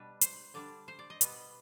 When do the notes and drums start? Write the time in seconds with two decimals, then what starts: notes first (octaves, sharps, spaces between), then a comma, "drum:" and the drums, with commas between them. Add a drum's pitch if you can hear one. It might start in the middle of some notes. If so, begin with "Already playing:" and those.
Already playing: B2 G3 D4 B4
0.21 C5, drum: hi-hat
0.54 D3 G3 D4 D5
0.88 C5
0.99 D5
1.10 D#5
1.21 B2 G3 B3, drum: hi-hat